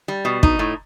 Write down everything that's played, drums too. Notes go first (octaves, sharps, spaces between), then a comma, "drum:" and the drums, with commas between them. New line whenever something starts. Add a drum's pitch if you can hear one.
G3
B2
D#4, drum: kick
A2